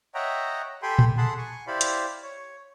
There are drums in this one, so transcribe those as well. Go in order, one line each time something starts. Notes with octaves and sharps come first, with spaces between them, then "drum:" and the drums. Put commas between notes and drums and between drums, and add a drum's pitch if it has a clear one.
C#5 D#5 E5 F#5 G5 A#5
G4 A4 G5 G#5 B5 C6
drum: tom A#2
G#4 A4 F#5 A5 B5 C6
G#5 C#6
E4 G4 C5 D5 F5 B5
drum: hi-hat
C#5